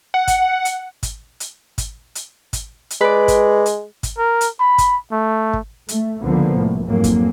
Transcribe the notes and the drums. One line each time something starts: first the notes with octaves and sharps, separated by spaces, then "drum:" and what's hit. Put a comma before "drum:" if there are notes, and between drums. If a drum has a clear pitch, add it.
F#5
drum: kick, hi-hat
drum: hi-hat
drum: kick, hi-hat
drum: hi-hat
drum: kick, hi-hat
drum: hi-hat
drum: kick, hi-hat
drum: hi-hat
G#3 B4 D5
drum: kick, hi-hat
drum: hi-hat
drum: kick, hi-hat
A#4
drum: hi-hat
B5
drum: kick, hi-hat
A3
drum: kick
A3, drum: hi-hat
C#2 D3 F3 A#3 B3
C2 A2
F2 G#2 F#3 A#3
drum: kick, hi-hat